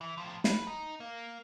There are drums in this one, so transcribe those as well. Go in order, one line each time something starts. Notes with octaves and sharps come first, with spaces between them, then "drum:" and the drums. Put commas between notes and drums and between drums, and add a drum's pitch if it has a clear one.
E3
A2 F3
B4, drum: snare
D#4
A#3